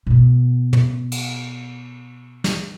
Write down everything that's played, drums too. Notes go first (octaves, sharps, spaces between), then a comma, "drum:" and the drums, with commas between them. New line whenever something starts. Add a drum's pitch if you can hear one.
B2 B3
drum: tom
drum: cymbal
drum: snare